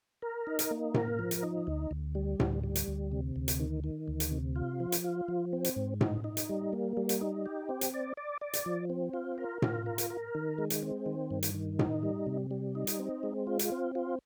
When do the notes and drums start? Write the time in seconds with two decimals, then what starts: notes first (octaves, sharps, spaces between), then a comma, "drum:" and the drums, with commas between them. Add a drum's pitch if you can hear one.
0.22 A#4
0.47 D#4
0.59 drum: hi-hat
0.71 A#3
0.94 A#4, drum: tom A2
1.19 F3
1.31 drum: hi-hat
1.43 D#4
1.67 D2
1.91 D2
2.15 G3
2.40 D2, drum: tom A2
2.63 G3
2.75 drum: hi-hat
2.88 D2
3.12 C3
3.36 D2
3.48 drum: hi-hat
3.60 D#3
3.84 D#3
4.08 D2
4.20 drum: hi-hat
4.31 C3
4.56 F4
4.80 F3
4.92 drum: hi-hat
5.04 F4
5.28 F3
5.53 C4
5.64 drum: hi-hat
5.76 G#2
6.01 D#4, drum: tom A2
6.24 D#4
6.37 drum: hi-hat
6.49 G3
6.73 A#3
6.97 G3
7.09 drum: hi-hat
7.21 D#4
7.46 G4
7.69 C4
7.81 drum: hi-hat
7.94 D5
8.17 D5
8.41 D5
8.53 drum: hi-hat
8.66 F3
8.90 C4
9.14 F4
9.38 A#4
9.62 F4, drum: tom A2
9.86 A#4
9.98 drum: hi-hat
10.10 A#4
10.35 D#3
10.58 G#3
10.70 drum: hi-hat
10.83 C4
11.06 D#3
11.31 G2
11.43 drum: hi-hat
11.55 D#3
11.79 D#4, drum: tom A2
12.03 G3
12.26 C3
12.51 G3
12.75 D#4
12.87 drum: hi-hat
12.99 C4
13.23 G#3
13.47 F4
13.59 drum: hi-hat
13.72 C4
13.95 F4